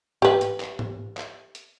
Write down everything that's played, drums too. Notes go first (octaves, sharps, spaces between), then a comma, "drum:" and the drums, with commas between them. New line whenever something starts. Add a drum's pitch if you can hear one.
G4 B4, drum: tom
drum: hi-hat
drum: clap
drum: tom
drum: clap
drum: hi-hat